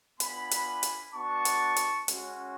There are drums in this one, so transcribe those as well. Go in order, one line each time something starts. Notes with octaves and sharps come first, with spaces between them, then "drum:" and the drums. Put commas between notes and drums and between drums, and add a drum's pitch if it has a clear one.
B3 D4 F4 G#5 B5, drum: hi-hat
drum: hi-hat
drum: hi-hat
B3 D4 F#4 A5 C#6
drum: hi-hat
drum: hi-hat
G#3 C#4 F#4, drum: hi-hat